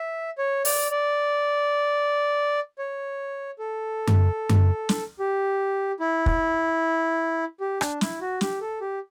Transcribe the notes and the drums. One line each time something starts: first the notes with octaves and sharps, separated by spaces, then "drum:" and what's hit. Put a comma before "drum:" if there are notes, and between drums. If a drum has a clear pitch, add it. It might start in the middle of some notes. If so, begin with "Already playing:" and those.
Already playing: E5
C#5
D5, drum: open hi-hat
D5
C#5
A4
drum: tom F#2
drum: tom F#2
drum: snare
G4
E4
drum: kick
G4
D4, drum: rim click
E4, drum: snare
F#4
G4, drum: snare
A4
G4